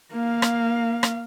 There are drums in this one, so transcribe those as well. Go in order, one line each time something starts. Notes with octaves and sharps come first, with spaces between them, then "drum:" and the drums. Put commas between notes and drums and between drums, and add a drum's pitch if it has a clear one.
A#3 F5
drum: rim click
drum: rim click